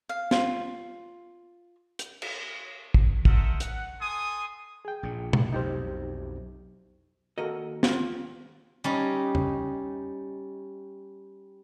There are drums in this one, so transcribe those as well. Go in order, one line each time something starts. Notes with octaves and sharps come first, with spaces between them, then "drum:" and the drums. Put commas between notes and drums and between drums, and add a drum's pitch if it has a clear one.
F5
F4, drum: snare
drum: hi-hat
drum: cymbal
drum: kick
A4 A#4 C5 D#5 E5 F#5, drum: kick
F#5, drum: hi-hat
A4 G#5 C6 D#6
G#4 G5
A#1 A#2
drum: tom B2
B1 F2 D#4 G4 C5
D#2 F#4 A4 A#4 D#5
F4, drum: snare
G3 C#4 D#4
drum: tom E2